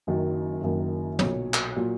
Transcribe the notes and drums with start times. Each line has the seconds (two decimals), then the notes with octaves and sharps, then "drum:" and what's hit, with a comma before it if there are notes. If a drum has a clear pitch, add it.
0.07 F#1 F#2 D#3 F#3 D#5
0.63 F#1 F#2 D#3 F#3
1.19 B1 A#2 F#3 C#5, drum: tom
1.54 drum: clap
1.76 A#2 F#3